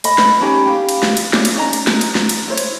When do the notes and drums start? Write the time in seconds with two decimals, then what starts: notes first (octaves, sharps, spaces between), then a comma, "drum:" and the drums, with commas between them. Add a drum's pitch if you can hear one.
0.04 D#5 B5, drum: cymbal
0.18 drum: snare
0.41 C#4 D#4 G4 B5
0.66 G4 F5
0.89 drum: cymbal
1.03 drum: snare
1.17 drum: cymbal
1.33 D4 C#5, drum: snare
1.45 drum: cymbal
1.55 C#4 D#4 D#5 A#5
1.73 drum: cymbal
1.87 drum: snare
2.01 drum: cymbal
2.15 drum: snare
2.29 drum: cymbal
2.48 E4 C5 C#5
2.57 drum: cymbal